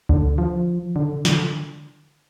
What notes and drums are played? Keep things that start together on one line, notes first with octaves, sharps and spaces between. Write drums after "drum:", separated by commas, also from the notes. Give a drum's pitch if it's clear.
D3, drum: kick C#2
F3
D3
D3, drum: snare